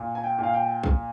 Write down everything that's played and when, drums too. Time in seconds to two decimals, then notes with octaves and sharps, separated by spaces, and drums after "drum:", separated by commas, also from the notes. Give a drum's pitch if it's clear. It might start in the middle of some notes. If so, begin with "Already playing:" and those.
Already playing: A#2
0.15 G#5
0.24 G5
0.38 A#2 F5
0.54 G5
0.83 drum: kick A#1